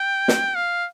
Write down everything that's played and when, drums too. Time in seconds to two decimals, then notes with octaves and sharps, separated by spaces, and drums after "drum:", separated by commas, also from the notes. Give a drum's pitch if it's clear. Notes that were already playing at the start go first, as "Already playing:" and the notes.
Already playing: G5
0.28 drum: snare
0.55 F5